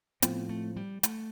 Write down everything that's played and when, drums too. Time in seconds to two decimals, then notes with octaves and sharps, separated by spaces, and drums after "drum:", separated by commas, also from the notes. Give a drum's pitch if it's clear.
0.22 A2 F3 B3 C4, drum: hi-hat
0.49 A3
0.76 G3
1.03 A3, drum: hi-hat